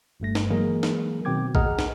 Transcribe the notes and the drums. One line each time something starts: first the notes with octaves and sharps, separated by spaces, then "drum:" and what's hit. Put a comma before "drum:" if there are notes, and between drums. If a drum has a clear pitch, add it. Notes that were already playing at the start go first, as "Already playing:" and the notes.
G1 G2 A3 A#6
drum: snare
E3 F#3 G#3 A#3 G#4 A#4
drum: snare
B2 D#3 C4 G5 D6 G#6
G#4 D#5 F#5 A#5 F6, drum: kick A#1
drum: snare